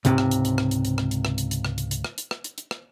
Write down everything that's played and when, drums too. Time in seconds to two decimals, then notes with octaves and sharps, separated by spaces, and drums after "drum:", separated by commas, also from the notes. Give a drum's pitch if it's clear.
0.05 C#2 G#2 C3, drum: hi-hat
0.18 drum: rim click
0.31 drum: hi-hat
0.45 drum: hi-hat
0.58 drum: rim click
0.71 drum: hi-hat
0.85 drum: hi-hat
0.98 drum: rim click
1.11 drum: hi-hat
1.25 drum: rim click
1.38 drum: hi-hat
1.51 drum: hi-hat
1.65 drum: rim click
1.78 drum: hi-hat
1.91 drum: hi-hat
2.04 drum: rim click
2.18 drum: hi-hat
2.31 drum: rim click
2.44 drum: hi-hat
2.58 drum: hi-hat
2.71 drum: rim click